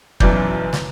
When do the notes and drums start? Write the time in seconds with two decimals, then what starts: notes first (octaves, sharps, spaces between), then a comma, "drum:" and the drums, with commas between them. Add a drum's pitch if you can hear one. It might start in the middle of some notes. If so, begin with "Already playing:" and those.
0.20 B1 F#2 E3 D5 G6, drum: kick
0.73 drum: snare